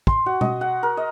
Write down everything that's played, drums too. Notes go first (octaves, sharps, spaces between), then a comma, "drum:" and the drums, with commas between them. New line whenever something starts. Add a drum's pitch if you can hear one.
C6, drum: kick
F#4
D#5, drum: tom B2
F#5
A#4
D#5